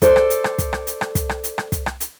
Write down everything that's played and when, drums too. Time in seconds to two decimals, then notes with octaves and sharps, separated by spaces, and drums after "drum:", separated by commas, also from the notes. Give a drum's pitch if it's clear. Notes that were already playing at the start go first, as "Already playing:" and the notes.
0.02 A4 C5 D5, drum: kick, hi-hat
0.16 drum: rim click
0.30 drum: hi-hat
0.44 drum: rim click
0.58 drum: kick, hi-hat
0.73 drum: rim click
0.87 drum: hi-hat
1.01 drum: rim click
1.15 drum: kick, hi-hat
1.29 drum: rim click
1.44 drum: hi-hat
1.58 drum: rim click
1.72 drum: kick, hi-hat
1.86 drum: rim click
2.00 drum: hi-hat